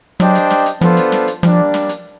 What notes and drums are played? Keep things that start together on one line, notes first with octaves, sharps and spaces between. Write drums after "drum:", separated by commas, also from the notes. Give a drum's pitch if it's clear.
F#3 D4 G4 C5 D#5 G5, drum: snare
drum: hi-hat
drum: snare
drum: hi-hat
F3 B3 D4 F4 A4 C5, drum: snare
drum: hi-hat
drum: snare
drum: hi-hat
F3 G3 A#3 D4, drum: snare
drum: snare
drum: hi-hat